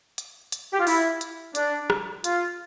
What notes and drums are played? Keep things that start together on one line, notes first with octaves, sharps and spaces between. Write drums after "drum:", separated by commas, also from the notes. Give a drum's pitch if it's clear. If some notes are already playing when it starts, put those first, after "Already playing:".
drum: hi-hat
drum: hi-hat
G4
F4
E4, drum: open hi-hat
drum: hi-hat
D4, drum: hi-hat
drum: rim click
F4, drum: hi-hat